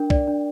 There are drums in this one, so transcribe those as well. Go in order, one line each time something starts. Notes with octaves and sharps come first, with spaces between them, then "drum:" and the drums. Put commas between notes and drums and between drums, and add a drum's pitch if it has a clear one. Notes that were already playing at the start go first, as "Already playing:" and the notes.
Already playing: D4 A#4 G5
D5, drum: kick
D4